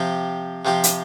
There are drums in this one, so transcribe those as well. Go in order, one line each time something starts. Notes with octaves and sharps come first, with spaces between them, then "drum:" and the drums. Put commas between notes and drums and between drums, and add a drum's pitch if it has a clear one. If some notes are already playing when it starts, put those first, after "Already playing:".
Already playing: C3 F3 C4 G4
C3 F3 C4 G4
drum: hi-hat